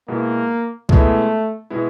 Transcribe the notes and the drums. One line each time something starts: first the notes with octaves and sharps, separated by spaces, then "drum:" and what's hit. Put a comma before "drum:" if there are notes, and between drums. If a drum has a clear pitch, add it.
B2 G#3 A#3 B3 E4
B2 G#3 A3 B3 E4, drum: kick C2
B2 G#3 B3 E4